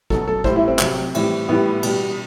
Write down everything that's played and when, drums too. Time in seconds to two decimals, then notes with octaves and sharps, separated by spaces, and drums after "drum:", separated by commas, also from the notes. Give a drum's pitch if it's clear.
0.10 B2 F#3 A4, drum: kick
0.28 A4
0.44 A2 G3 C5, drum: kick
0.56 E4
0.68 C4
0.79 C3 F#3, drum: clap
1.14 A2 E3 G3, drum: cymbal
1.49 A2 E3 G3 B3
1.83 B2 G3, drum: cymbal